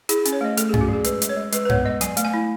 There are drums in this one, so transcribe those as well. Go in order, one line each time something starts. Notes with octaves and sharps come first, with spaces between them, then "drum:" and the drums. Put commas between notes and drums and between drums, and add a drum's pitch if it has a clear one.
E4 G#4, drum: hi-hat
C#4, drum: hi-hat
C#5
A3 D#5
A3 A4, drum: hi-hat
G#4
C#4, drum: tom G2
F#4
F#3 G#4
G#3 B4, drum: hi-hat
G#3, drum: hi-hat
C#5
G#3
G#3 B4, drum: hi-hat
B4
B3 C#5, drum: tom G2
G#3 D#5
F#3 G#5, drum: hi-hat
A3, drum: hi-hat
G#5
E4